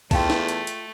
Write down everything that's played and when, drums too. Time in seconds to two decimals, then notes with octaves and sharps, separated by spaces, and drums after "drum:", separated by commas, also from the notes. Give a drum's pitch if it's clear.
0.11 E2 A3 F4 D#5 F5 G5 A5, drum: kick, open hi-hat
0.30 drum: snare D#4
0.49 drum: hi-hat
0.67 drum: hi-hat